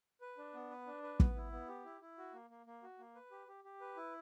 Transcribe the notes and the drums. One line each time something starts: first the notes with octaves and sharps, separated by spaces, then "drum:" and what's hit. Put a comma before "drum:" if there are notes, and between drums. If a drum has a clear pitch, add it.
B4
D4
B3
B4
D4
B4
B3, drum: kick
E4
B3
G4
E4
E4
F#4
A#3
A#3
A#3
F#4
A#3
B4
G4
G4
G4
B4
E4